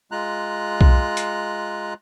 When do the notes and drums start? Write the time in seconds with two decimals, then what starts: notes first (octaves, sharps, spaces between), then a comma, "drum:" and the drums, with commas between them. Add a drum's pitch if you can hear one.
0.11 G#3 F4 A#5 F#6
0.81 drum: kick B1
1.17 drum: hi-hat